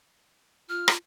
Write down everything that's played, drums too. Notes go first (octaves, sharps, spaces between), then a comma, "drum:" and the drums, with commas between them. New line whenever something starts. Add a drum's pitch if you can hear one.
F4 F6
drum: rim click